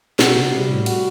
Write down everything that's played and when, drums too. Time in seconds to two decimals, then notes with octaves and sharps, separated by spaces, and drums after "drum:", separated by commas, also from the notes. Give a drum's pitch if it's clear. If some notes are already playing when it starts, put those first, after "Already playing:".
0.19 B2 F#4, drum: snare
0.36 C3
0.52 C3 G3
0.69 A2
0.86 F#4, drum: cymbal